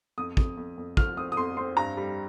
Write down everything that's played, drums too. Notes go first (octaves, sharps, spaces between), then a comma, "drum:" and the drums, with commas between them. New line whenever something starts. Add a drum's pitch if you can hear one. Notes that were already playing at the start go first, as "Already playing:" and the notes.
F2 D#6
F2, drum: kick
F2
F2
F3 F6, drum: kick
C4 D#6
D#6
F2 C6
C4 C6
G2 A#5
G3